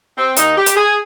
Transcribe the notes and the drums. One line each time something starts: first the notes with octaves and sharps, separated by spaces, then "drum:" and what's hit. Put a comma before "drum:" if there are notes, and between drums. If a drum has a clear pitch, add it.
C4
D#2 D#3 D#4, drum: hi-hat
G4
drum: hi-hat
G#4